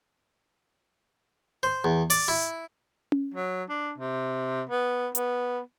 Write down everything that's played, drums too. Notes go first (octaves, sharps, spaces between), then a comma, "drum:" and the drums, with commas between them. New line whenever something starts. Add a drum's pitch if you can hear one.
C5
E2
D5, drum: open hi-hat
E4
drum: tom C#4
F#3
D4
C3
B3
B3, drum: hi-hat